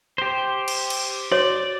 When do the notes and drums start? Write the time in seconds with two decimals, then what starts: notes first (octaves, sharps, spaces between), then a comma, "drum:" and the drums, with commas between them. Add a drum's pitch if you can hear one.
0.18 G4 C5
0.68 drum: cymbal
0.90 drum: cymbal
1.32 F#4 C#5 D5